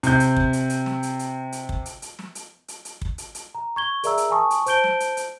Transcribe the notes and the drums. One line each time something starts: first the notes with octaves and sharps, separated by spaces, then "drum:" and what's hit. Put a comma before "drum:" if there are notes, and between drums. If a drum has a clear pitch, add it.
C3 G6, drum: hi-hat
drum: hi-hat
drum: kick
drum: hi-hat
drum: hi-hat
drum: snare
drum: hi-hat
drum: hi-hat
drum: hi-hat
drum: kick
drum: hi-hat
drum: hi-hat
drum: snare
drum: hi-hat
drum: hi-hat
drum: hi-hat
drum: kick
drum: hi-hat
drum: hi-hat
A#5
C#6 G#6 G7
G#4 A#4 D5 E5 A#5 E6, drum: hi-hat
drum: hi-hat
G#5 A5 B5 C#6 D#6
drum: hi-hat
C5 A5 G6 D7 G7, drum: hi-hat
drum: snare
drum: hi-hat
drum: hi-hat